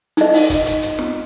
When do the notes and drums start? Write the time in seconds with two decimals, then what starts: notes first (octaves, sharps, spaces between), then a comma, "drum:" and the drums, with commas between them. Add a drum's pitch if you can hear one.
0.17 D#4 D#5, drum: hi-hat
0.34 drum: open hi-hat
0.50 drum: kick, hi-hat
0.66 drum: hi-hat
0.82 drum: hi-hat
0.99 drum: snare